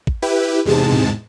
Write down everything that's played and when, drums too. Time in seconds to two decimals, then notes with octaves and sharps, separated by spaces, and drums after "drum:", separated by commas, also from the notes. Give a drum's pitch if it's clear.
0.07 drum: kick
0.22 E4 G4 B4
0.65 E2 G#2 C3 G#3 A5
0.92 drum: tom A2